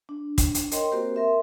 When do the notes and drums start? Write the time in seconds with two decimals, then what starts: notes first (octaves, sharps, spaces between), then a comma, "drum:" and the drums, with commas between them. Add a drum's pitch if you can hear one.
0.09 D4
0.38 drum: kick, hi-hat
0.55 drum: hi-hat
0.71 A#4 C#5 D#5 G5 C6, drum: hi-hat
0.91 A#3 C4 F#4 G4 A#4 C5
1.15 A#4 E5 C6